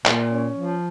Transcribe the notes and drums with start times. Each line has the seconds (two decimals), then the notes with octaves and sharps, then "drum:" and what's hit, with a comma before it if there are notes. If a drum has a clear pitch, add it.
0.06 A#2, drum: clap
0.31 C#4
0.54 F3